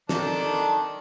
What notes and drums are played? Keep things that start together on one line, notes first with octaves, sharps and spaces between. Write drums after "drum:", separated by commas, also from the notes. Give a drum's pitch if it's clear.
D#3 D4 A4, drum: snare